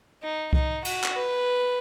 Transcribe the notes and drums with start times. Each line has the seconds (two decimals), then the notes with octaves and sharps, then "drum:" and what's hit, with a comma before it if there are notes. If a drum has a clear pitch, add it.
0.22 D#4
0.53 D#4, drum: kick C2
0.85 F#4, drum: cymbal
1.04 drum: clap
1.15 B4